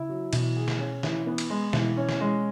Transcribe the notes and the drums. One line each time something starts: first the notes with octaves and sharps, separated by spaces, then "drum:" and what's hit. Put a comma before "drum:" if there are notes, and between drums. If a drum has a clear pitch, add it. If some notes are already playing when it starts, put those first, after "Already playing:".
Already playing: C#3 E4
F#3
B2 E3, drum: cymbal
G#4
drum: snare
C#4
E3, drum: snare
B3
drum: cymbal
G#3
B2 E3, drum: snare
C#4
drum: snare
G#3